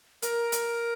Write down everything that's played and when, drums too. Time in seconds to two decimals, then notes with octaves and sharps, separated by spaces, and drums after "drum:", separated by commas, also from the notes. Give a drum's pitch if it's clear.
0.22 A#4, drum: hi-hat
0.52 drum: hi-hat